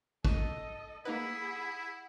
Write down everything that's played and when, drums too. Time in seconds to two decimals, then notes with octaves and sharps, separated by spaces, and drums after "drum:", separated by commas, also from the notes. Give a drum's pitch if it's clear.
0.25 A4 D#5, drum: kick
1.05 A#3 D#4 E4 G#4 B4 F#5 B5